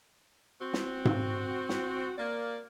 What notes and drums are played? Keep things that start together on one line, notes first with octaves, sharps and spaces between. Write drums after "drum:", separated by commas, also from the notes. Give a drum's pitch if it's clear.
C4 F#4
drum: snare
drum: tom G#2
drum: snare
A#3 D5